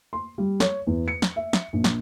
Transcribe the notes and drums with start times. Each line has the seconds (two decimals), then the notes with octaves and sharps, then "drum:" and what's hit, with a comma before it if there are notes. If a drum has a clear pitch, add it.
0.13 C6
0.38 G3
0.60 C#5, drum: snare
0.87 E2
1.08 C#7
1.22 drum: snare
1.36 E5
1.53 drum: snare
1.73 A#1
1.84 drum: snare